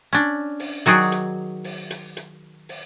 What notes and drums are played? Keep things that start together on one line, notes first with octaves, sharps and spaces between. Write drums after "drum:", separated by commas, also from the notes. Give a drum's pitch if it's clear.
C#4 D4
drum: open hi-hat
D#3 F#3 F#4 G#4 D5, drum: hi-hat
drum: hi-hat
drum: open hi-hat
drum: hi-hat
drum: hi-hat
drum: open hi-hat